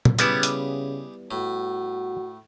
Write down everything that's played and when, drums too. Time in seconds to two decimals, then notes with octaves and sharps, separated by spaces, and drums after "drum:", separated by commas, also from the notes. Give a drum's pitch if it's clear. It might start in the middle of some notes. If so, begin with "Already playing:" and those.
0.05 drum: tom
0.19 C#3 G3 B3 E4 G4 G#4 B4, drum: hi-hat
0.43 drum: hi-hat
1.31 A2 F#4